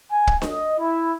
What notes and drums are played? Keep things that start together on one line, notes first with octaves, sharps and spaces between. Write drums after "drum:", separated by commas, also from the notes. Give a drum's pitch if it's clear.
G#5
drum: kick
D#5, drum: snare D4
E4